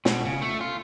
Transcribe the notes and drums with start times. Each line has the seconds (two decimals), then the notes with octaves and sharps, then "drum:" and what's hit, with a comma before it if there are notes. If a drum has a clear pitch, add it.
0.05 B2, drum: snare
0.25 C#3
0.42 A3
0.61 F4